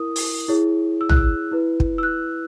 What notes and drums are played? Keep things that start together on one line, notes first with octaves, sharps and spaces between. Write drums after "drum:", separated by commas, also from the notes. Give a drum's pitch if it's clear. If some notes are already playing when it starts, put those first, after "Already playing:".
Already playing: E4 A#4 D#6
drum: open hi-hat
E4 G#4 C#5
E6
F#6, drum: tom A#1
E6
E4 B4
drum: kick
E6
F#6